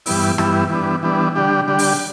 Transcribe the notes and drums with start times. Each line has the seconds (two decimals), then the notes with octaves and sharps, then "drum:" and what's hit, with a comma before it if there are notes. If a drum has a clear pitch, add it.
0.06 G2 E3 G3 B3 E4, drum: open hi-hat
0.38 G2 E3 G3 B3 E4, drum: rim click
0.70 E3 G3 B3 D4
1.03 E3 G3 B3 D4
1.35 D3 G3 D4 G4
1.68 D3 G3 D4 G4
1.79 drum: open hi-hat